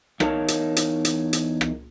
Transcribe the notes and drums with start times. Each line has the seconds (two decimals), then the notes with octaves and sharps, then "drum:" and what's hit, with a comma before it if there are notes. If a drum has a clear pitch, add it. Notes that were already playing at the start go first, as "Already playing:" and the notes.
0.20 E2 D#4 A#4 C#5 F5 A5, drum: rim click
0.48 drum: hi-hat
0.76 drum: hi-hat
1.05 drum: hi-hat
1.33 drum: hi-hat
1.61 drum: rim click